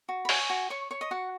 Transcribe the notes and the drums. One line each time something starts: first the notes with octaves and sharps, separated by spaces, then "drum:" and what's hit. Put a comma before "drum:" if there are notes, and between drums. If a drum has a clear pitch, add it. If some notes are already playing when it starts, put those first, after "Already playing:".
F#4
B5
C#5 G#5, drum: open hi-hat
F#4
C#5 C#6
C#5 C#6
D#5
F#4 F#5